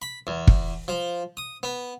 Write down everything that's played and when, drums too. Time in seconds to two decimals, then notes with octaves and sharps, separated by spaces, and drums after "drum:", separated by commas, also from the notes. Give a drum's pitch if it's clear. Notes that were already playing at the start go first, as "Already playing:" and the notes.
0.02 B5
0.27 E2
0.47 drum: kick
0.88 F3
1.37 D#6
1.63 B3